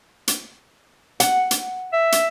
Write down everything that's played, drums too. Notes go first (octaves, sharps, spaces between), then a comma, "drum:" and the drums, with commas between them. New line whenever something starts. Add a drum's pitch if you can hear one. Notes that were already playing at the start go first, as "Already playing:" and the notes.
drum: hi-hat
F#5, drum: hi-hat
drum: hi-hat
E5
drum: hi-hat